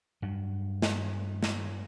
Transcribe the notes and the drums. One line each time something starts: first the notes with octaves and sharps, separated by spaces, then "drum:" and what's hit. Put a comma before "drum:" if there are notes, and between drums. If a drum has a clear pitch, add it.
G2 F#3
drum: snare
drum: snare